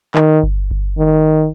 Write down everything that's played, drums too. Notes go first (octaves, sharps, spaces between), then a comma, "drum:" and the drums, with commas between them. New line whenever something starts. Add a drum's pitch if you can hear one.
D#3, drum: clap
drum: kick G1
drum: kick G1
D#3